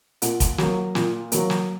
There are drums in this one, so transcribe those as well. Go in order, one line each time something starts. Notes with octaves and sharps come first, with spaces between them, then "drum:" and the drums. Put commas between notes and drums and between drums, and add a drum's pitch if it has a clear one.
A#2 F#5, drum: hi-hat
drum: kick, hi-hat
F#3 A#3, drum: snare
A#2, drum: snare
F#3 A#3, drum: hi-hat
drum: snare